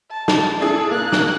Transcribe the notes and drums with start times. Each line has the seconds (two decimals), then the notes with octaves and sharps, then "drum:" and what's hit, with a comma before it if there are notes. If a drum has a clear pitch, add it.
0.11 A5
0.28 drum: snare
0.60 D4 E4 G#4 A4
0.91 A#3 F#6
1.12 drum: snare